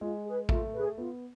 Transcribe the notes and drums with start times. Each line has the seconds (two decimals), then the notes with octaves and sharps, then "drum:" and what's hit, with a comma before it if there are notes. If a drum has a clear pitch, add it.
0.01 G#3 F4
0.25 G#4 B4
0.49 A3 F4, drum: kick
0.74 G#4 B4
0.98 B3 F4